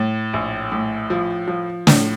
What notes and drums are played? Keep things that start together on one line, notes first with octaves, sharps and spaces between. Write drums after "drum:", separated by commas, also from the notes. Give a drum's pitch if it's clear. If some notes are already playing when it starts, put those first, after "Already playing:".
Already playing: A2
A#1
A2
F3
F3
A2, drum: snare